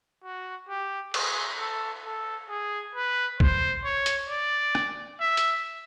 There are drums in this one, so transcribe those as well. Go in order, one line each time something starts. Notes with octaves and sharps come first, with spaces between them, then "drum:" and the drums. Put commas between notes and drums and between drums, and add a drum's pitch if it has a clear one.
F#4
G4
G#4, drum: cymbal
A4
A4
G#4
B4
C5, drum: kick
C#5
drum: hi-hat
D5
drum: rim click
E5
drum: hi-hat